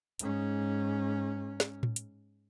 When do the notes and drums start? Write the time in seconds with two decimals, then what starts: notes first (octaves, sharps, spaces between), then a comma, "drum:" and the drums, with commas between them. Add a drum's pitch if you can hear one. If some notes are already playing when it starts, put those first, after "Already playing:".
0.19 G#2 C#4, drum: hi-hat
1.60 drum: snare
1.83 drum: tom A2
1.96 drum: hi-hat